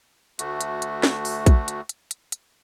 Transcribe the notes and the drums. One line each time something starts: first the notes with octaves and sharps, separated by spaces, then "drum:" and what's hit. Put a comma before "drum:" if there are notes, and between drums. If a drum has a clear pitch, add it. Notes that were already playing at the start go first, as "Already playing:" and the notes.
D2 A3 F#4, drum: hi-hat
drum: hi-hat
drum: hi-hat
drum: snare
drum: open hi-hat
drum: kick A#1, hi-hat
drum: hi-hat
drum: hi-hat
drum: hi-hat
drum: hi-hat